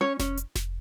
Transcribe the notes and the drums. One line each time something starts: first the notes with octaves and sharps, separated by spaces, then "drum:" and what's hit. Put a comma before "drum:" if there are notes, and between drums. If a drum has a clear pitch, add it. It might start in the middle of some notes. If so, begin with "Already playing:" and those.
C#4 C#5
C#4, drum: snare F1
drum: hi-hat
drum: snare F1